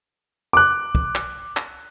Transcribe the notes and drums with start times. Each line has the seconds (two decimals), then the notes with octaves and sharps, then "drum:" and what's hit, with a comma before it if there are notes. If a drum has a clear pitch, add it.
0.53 D6 F#6
0.95 drum: kick
1.15 drum: clap
1.57 drum: clap